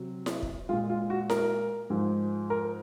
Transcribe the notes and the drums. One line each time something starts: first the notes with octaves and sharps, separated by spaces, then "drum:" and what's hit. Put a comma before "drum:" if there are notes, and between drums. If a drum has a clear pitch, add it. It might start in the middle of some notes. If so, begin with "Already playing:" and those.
Already playing: C3 F#3
drum: snare E4
drum: kick
A#2 G#3 F4
F4
F#4
A#4, drum: snare E4
G#2 F3 G#3
A#4